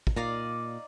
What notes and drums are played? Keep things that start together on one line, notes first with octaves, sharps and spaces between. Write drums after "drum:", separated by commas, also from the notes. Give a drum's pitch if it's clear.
drum: kick
A#2 D#4 D5 F5